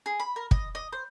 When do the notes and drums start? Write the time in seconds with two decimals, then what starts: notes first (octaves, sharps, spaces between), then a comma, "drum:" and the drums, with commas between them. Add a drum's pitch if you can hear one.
0.06 G#4
0.20 B5
0.36 A#4
0.51 D#5, drum: kick
0.75 D#5
0.93 C5